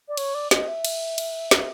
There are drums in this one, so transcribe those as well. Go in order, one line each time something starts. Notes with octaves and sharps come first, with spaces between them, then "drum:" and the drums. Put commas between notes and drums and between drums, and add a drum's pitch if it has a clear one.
D5
C#5, drum: cymbal
D5
D#5, drum: snare
E5
drum: cymbal
drum: cymbal
drum: snare